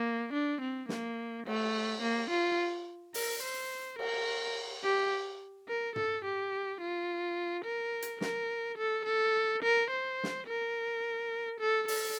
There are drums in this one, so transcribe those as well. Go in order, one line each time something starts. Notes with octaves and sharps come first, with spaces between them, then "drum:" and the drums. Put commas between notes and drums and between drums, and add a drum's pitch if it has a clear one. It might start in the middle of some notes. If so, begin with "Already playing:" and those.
Already playing: A#3
D4
C4
A#3, drum: snare
A3, drum: cymbal
A#3
F4
A#4, drum: open hi-hat
C5
A#4, drum: cymbal
G4
A#4
A4, drum: tom
G4
F4
A#4
drum: hi-hat
A#4, drum: snare
A4
A4
A#4
C5
drum: snare
A#4
A4
A4, drum: open hi-hat